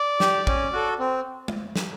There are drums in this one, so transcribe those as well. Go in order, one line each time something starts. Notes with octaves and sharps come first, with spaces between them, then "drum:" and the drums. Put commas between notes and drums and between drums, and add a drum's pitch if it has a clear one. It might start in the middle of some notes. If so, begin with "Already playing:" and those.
Already playing: D5
G4, drum: snare
C#4, drum: kick
F#4 A4
C4
drum: tom
drum: snare